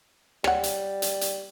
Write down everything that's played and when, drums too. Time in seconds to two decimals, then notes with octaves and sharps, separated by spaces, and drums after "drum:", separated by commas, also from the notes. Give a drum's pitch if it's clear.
0.44 G3 C#5 F#5, drum: rim click
0.63 drum: hi-hat
1.02 drum: hi-hat
1.21 drum: hi-hat